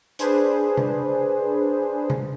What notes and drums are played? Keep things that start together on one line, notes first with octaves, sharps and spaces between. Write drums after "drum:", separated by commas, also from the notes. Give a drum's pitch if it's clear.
D4 G#4 B4 C5, drum: hi-hat
drum: tom C3
drum: tom C3